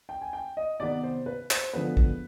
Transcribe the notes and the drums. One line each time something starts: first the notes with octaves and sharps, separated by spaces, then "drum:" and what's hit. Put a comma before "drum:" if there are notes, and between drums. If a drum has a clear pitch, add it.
G5
G#5
G5
D#5
C3 D#3 B3 D5
C5
B4
C5, drum: clap
D3 F3 G#3 B3 B4
drum: kick